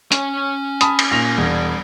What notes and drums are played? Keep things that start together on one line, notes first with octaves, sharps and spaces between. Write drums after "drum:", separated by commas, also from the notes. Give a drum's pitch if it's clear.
C#4 G#5, drum: hi-hat
A5 B5 D#6, drum: hi-hat
drum: cymbal
A#2 A#6 F7
E1 G3